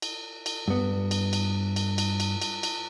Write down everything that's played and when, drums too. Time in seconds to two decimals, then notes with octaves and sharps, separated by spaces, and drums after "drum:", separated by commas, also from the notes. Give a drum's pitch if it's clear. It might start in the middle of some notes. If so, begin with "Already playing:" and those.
0.02 drum: cymbal
0.46 drum: cymbal
0.68 G2 B3
1.11 drum: cymbal
1.33 drum: cymbal
1.76 drum: cymbal
1.98 drum: cymbal
2.20 drum: cymbal
2.42 drum: cymbal
2.63 drum: cymbal